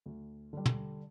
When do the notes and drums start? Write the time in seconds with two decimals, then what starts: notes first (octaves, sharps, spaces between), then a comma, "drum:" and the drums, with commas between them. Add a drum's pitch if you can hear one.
0.06 D2
0.53 D3 G3
0.66 drum: tom